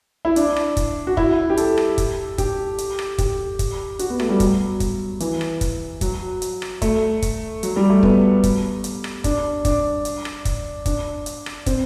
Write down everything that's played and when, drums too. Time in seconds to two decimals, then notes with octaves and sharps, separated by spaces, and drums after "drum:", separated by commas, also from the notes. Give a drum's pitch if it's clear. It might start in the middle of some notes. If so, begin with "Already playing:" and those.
0.25 E4
0.36 D4, drum: hi-hat
0.56 drum: rim click
0.77 drum: kick, hi-hat
1.07 F#4
1.17 E4, drum: kick
1.50 G4
1.57 A4, drum: hi-hat
1.78 drum: rim click
1.98 drum: kick, hi-hat
2.38 G4, drum: kick, hi-hat
2.78 drum: hi-hat
2.99 drum: rim click
3.18 G4, drum: kick, hi-hat
3.59 drum: kick, hi-hat
3.99 F#4, drum: hi-hat
4.10 B3
4.20 A3, drum: rim click
4.29 G3
4.40 F#3, drum: kick, hi-hat
4.80 drum: kick, hi-hat
5.20 E3, drum: hi-hat
5.41 drum: rim click
5.61 drum: kick, hi-hat
6.01 F#3, drum: kick, hi-hat
6.42 drum: hi-hat
6.62 drum: rim click
6.82 A3, drum: kick, hi-hat
7.22 drum: kick, hi-hat
7.63 F#3, drum: hi-hat
7.76 G3
7.90 A3
8.03 B3, drum: kick
8.44 drum: kick, hi-hat
8.84 drum: hi-hat
9.04 drum: rim click
9.24 D4, drum: kick, hi-hat
9.65 D4, drum: kick, hi-hat
10.05 drum: hi-hat
10.25 drum: rim click
10.45 drum: kick, hi-hat
10.86 D4, drum: kick, hi-hat
11.26 drum: hi-hat
11.46 drum: rim click
11.66 C4, drum: kick, hi-hat